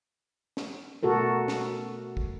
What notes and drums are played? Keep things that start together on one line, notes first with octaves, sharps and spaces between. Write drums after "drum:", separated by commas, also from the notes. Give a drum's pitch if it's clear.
drum: snare
B2 A3 F#4 A4 A#4
drum: snare
drum: kick